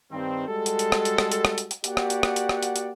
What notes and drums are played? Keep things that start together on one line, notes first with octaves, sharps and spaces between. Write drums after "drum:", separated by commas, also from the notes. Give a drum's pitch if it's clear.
G2 D#3 C4
G3 G#3 F#4 A4
drum: hi-hat
drum: hi-hat
drum: rim click
drum: hi-hat
drum: rim click
drum: hi-hat
drum: rim click
drum: hi-hat
drum: hi-hat
A#3 F#4 G4 D5 F#5, drum: hi-hat
drum: rim click
drum: hi-hat
drum: rim click
drum: hi-hat
drum: rim click
drum: hi-hat
drum: hi-hat